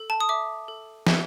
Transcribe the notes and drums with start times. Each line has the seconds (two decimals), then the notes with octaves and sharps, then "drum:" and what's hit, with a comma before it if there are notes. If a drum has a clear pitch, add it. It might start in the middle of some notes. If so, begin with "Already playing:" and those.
Already playing: A4
0.10 A5
0.20 D#6
0.29 E5 D6
0.68 A4
1.07 E5, drum: snare